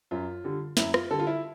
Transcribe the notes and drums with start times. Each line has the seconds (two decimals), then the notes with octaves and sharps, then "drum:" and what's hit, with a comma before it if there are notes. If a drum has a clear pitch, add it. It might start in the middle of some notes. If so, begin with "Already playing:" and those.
0.11 F#2 F4
0.44 D3 G3
0.77 F#2 E4, drum: snare
0.94 F4, drum: rim click
1.10 D3 G3 A4
1.20 F4
1.27 E4